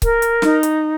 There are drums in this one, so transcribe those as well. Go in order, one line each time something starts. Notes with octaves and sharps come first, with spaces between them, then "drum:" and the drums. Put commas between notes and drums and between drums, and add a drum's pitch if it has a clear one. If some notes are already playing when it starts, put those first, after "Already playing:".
A#4, drum: kick C#1, hi-hat
drum: hi-hat
D#4, drum: snare
drum: hi-hat